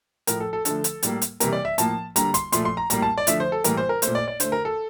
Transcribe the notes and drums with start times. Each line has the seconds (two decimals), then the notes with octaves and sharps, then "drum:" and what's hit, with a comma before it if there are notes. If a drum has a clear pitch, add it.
0.27 A2 F3 A3 A#4, drum: hi-hat
0.40 A4
0.53 A4
0.65 D3 F3 A3 A4, drum: hi-hat
0.84 drum: hi-hat
1.03 A2 G3 A#3, drum: hi-hat
1.22 drum: hi-hat
1.40 C3 E3 G3 A#3 A#4, drum: hi-hat
1.53 D5
1.65 E5
1.78 A2 F3 A#3 A5, drum: hi-hat
2.16 D3 G3 A#3 A#5, drum: hi-hat
2.34 C6, drum: hi-hat
2.52 A#2 F3 A3 C6, drum: hi-hat
2.65 C6
2.77 A#5
2.90 A2 G3 A#3 A#5, drum: hi-hat
3.02 A5
3.18 D5
3.27 D3 F3 A3 E5, drum: hi-hat
3.40 C5
3.52 A4
3.64 A2 E3 G3 A#3 A#4, drum: hi-hat
3.77 C5
3.89 A#4
4.02 A3 C5, drum: hi-hat
4.07 A#2
4.15 D5
4.28 D5
4.40 D3 A3 C5, drum: hi-hat
4.52 A#4
4.65 A4